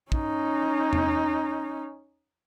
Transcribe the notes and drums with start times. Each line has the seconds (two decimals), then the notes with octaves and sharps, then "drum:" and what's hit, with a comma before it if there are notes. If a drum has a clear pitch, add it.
0.12 C#4 D#4, drum: kick
0.93 drum: tom E2